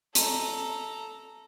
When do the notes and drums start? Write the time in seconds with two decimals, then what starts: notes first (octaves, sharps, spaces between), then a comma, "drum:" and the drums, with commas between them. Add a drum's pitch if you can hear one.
0.15 A4 A#5, drum: hi-hat